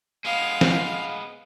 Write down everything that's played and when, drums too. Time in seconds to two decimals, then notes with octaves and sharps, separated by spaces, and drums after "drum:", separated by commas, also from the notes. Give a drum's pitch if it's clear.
0.25 G#3 B3 F5
0.61 drum: snare